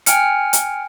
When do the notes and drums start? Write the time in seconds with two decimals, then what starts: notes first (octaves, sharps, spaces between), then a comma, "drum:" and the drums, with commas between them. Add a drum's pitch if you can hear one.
0.06 G5 G#5 F6 C#7, drum: hi-hat
0.53 drum: hi-hat